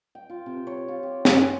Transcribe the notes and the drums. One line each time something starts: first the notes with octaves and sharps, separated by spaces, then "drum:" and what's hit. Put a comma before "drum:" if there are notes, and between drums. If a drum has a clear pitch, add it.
G5
F4
C3
C#5
F4
G4
C#4, drum: snare
G#4